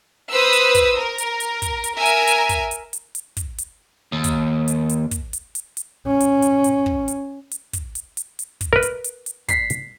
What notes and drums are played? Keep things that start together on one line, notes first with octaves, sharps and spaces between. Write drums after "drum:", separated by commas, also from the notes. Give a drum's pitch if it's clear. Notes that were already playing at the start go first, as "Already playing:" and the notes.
B4 C5 D#6 E6
drum: hi-hat
drum: kick, hi-hat
A#4
drum: hi-hat
drum: hi-hat
drum: kick, hi-hat
drum: hi-hat
A#4 E5 G#5
drum: hi-hat
drum: hi-hat
drum: kick, hi-hat
drum: hi-hat
drum: hi-hat
drum: hi-hat
drum: kick, hi-hat
drum: hi-hat
D#2
drum: kick, hi-hat
drum: hi-hat
drum: hi-hat
drum: kick, hi-hat
drum: hi-hat
drum: hi-hat
drum: hi-hat
C#4
drum: hi-hat
drum: hi-hat
drum: hi-hat
drum: kick
drum: hi-hat
drum: hi-hat
drum: kick, hi-hat
drum: hi-hat
drum: hi-hat
drum: hi-hat
drum: kick, hi-hat
A#4 B4
drum: hi-hat
drum: hi-hat
drum: hi-hat
B6 C7, drum: kick, hi-hat
drum: hi-hat